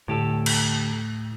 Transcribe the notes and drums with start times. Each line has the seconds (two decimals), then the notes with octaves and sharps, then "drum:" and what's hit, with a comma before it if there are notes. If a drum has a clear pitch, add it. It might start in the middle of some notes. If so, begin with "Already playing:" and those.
0.08 D2 A2 G4 A4
0.46 drum: cymbal